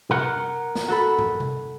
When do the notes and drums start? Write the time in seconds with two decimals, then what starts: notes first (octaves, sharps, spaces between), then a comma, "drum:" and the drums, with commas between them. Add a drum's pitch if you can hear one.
0.11 A#4 F#5, drum: tom C3
0.75 drum: snare
0.88 F#4 A4 B5
1.19 drum: tom
1.40 drum: tom C3